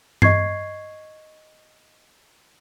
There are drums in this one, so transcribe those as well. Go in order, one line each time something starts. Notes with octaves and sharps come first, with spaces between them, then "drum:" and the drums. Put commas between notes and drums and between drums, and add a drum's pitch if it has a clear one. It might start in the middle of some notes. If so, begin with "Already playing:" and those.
D#5 C#6 G#6 C7, drum: tom G2